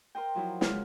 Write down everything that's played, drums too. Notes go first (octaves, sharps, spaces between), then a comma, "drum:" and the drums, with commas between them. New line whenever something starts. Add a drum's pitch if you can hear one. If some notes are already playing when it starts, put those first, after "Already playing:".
A#4 C5 D#5 G5
F3 F#3 E4
C#3 G#3 F6, drum: snare